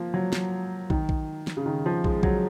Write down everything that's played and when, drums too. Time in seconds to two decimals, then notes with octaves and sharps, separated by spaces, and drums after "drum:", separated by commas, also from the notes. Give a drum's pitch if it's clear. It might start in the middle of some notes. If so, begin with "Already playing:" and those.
Already playing: F3 A#3
0.14 F#3
0.33 drum: snare
0.90 D#3, drum: kick
1.09 drum: kick
1.47 drum: snare
1.57 C#3
1.66 D#3
1.86 F3
2.04 G#3, drum: kick
2.23 F#3, drum: kick